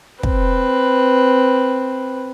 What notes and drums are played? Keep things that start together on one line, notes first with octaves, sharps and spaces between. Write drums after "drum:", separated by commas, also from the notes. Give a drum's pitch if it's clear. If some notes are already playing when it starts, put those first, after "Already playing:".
C4 B4, drum: kick